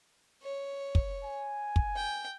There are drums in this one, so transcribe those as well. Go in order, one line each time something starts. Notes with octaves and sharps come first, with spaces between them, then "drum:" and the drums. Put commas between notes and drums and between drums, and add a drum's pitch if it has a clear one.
C#5
drum: kick
G#5
drum: kick
G5